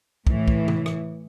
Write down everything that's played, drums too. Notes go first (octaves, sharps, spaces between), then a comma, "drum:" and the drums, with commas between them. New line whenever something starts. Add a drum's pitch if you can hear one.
A2 E3, drum: kick
drum: kick
drum: tom C3
drum: rim click